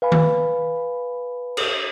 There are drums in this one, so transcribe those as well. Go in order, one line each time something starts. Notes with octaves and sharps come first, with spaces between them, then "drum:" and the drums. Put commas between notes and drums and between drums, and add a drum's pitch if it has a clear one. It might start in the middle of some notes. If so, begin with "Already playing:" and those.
B4 F5 G#5 B5
drum: tom D#3
drum: cymbal